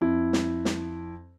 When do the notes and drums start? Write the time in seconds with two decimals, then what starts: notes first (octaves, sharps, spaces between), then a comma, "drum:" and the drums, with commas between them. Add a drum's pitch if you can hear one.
0.01 F2 E4
0.33 drum: snare
0.65 drum: snare